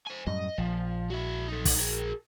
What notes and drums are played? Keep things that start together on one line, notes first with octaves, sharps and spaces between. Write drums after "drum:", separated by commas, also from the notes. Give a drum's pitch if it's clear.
C5 G#5
F#2 A2 G3 D#5
A#1 F3
E4 F#4
D#4 A4
drum: kick, open hi-hat
G#4 A#4